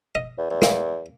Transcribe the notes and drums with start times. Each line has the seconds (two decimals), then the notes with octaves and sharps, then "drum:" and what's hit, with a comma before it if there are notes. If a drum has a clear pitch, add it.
0.15 D#5
0.38 E2
0.50 E2
0.62 A#3, drum: snare